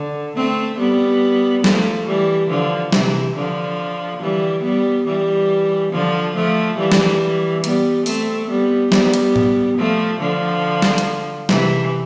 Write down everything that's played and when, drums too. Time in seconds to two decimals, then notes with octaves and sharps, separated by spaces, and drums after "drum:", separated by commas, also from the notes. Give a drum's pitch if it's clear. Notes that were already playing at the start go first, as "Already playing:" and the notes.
Already playing: D3
0.36 A3 C4
0.78 G3 B3
1.64 F3 A3, drum: snare
2.07 E3 G3
2.50 D3 F3
2.92 C3 E3, drum: snare
3.36 D3 F3
4.21 E3 G3
4.64 G3 B3
5.07 E3 G3
5.92 D3 F3
6.36 F3 A3
6.78 E3 G3
6.92 drum: snare
7.64 G3 B3, drum: hi-hat
8.06 A3 C4, drum: open hi-hat
8.49 G3 B3
8.92 G3 B3, drum: snare
9.14 drum: hi-hat
9.36 drum: tom A2
9.78 F3 A3
10.20 D3 F3
10.82 drum: snare
10.98 drum: hi-hat
11.49 C3 E3, drum: snare